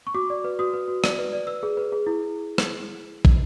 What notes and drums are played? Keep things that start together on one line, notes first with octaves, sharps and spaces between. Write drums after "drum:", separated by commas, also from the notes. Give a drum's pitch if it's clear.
C#6
F#4 D6
D5
B4
F#4 D#6
B4
F#4
D5, drum: rim click
B4
D5
B4 E6
G#4
B4
G#4
E4
drum: rim click
drum: kick